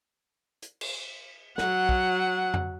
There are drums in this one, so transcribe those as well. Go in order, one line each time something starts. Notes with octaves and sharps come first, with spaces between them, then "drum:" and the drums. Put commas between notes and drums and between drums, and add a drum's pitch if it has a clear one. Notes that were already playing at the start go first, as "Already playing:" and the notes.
drum: hi-hat
drum: cymbal
F#3 F#5, drum: snare
drum: kick
drum: tom F2